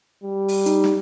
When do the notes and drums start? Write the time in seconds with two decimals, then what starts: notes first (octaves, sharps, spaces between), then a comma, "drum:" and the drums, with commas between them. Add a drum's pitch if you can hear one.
0.24 G3
0.48 drum: open hi-hat
0.66 D#4, drum: hi-hat
0.84 drum: snare